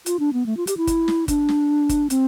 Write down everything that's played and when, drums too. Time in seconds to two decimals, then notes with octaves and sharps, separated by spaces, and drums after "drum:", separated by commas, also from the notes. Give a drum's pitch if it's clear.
0.06 F4, drum: hi-hat
0.20 D4
0.33 B3
0.46 A3
0.57 F4
0.67 G4, drum: hi-hat
0.77 E4
0.87 drum: kick G1, hi-hat
1.08 drum: snare
1.28 D4, drum: kick G1, hi-hat
1.49 drum: snare
1.89 drum: kick G1, hi-hat
2.10 C4, drum: hi-hat